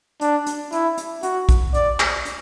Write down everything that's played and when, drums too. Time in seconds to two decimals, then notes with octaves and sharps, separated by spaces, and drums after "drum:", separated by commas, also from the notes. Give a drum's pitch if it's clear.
0.21 D4, drum: hi-hat
0.46 drum: hi-hat
0.72 E4, drum: hi-hat
0.98 drum: hi-hat
1.23 F#4, drum: hi-hat
1.49 drum: kick, hi-hat
1.74 D5, drum: hi-hat
2.00 drum: clap
2.25 drum: hi-hat